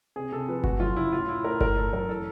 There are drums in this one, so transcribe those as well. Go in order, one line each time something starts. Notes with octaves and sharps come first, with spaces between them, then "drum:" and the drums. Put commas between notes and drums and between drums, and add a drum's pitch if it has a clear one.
C3 G#4
C3 A4
F3 B4
A3 F#4, drum: kick G1
F#2 F4
C#3 E4
A2 F4
A2 E4
A3 A#4
A3 A#4, drum: kick G1
A3 A4
F#2 A#4
E3 A4